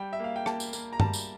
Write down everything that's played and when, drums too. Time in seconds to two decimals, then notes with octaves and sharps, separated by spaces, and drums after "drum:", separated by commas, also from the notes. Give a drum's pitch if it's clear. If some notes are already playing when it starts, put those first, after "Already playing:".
Already playing: G3 G5
0.13 E5
0.20 A#3 F5
0.36 G5
0.46 A#3 A5, drum: rim click
0.60 drum: tambourine
0.73 A#3, drum: tambourine
0.93 A#5
1.00 G3 A5, drum: tom G2
1.13 drum: tambourine